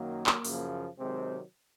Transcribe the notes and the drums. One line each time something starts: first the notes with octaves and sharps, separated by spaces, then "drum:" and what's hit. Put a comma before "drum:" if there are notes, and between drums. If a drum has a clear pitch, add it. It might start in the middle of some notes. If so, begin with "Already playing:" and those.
Already playing: F#2 D#3 F#3 A#3
drum: clap
F#2 C#3 F3, drum: open hi-hat
C3 D#3 F#3 G#3 C4